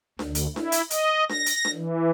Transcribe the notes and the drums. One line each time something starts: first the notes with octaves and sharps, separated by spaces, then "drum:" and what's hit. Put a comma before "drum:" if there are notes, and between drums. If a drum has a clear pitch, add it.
D2, drum: snare D4
drum: hi-hat
E4, drum: snare D4
drum: hi-hat
D#5, drum: hi-hat
A#6, drum: snare D4
drum: hi-hat
drum: snare D4
E3